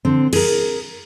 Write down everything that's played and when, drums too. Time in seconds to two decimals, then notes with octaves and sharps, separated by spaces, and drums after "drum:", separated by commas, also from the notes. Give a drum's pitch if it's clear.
0.05 D3 C4
0.33 G#4 A#4, drum: cymbal